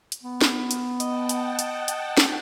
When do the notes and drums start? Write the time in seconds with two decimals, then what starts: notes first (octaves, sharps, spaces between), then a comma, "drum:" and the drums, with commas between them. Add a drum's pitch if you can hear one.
0.12 drum: hi-hat
0.23 B3
0.41 drum: snare
0.71 drum: hi-hat
1.00 D#5 F#5 G5 A5, drum: hi-hat
1.29 drum: hi-hat
1.59 drum: hi-hat
1.88 drum: hi-hat
2.17 drum: snare